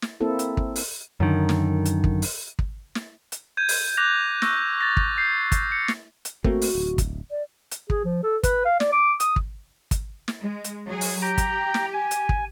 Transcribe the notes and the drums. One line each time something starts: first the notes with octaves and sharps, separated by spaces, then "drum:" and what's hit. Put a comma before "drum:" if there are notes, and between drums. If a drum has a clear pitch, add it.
drum: snare
A#3 C4 E4 A4
drum: hi-hat
drum: kick
drum: open hi-hat
F#2 D3 D#3
drum: snare
drum: hi-hat
drum: kick
drum: open hi-hat
drum: kick
drum: snare
drum: hi-hat
G6 G#6 D#7
drum: open hi-hat
D6 F#6 A#6 F7
C#6 E6 F#6 A#6, drum: snare
A6 A#6
drum: kick
G6 C7
drum: kick, hi-hat
C#7
drum: snare
drum: hi-hat
A3 A#3 C4 F#4, drum: kick
drum: open hi-hat
D1
drum: kick, hi-hat
D5
drum: hi-hat
G#4, drum: kick
F3
A4
B4, drum: kick, hi-hat
F5
D5, drum: snare
D6
D#6, drum: hi-hat
drum: kick
drum: kick, hi-hat
drum: snare
G#3
drum: hi-hat
F#3 G#4
drum: open hi-hat
G4 G5 A#5
drum: kick, hi-hat
drum: snare
G#5
drum: hi-hat
drum: kick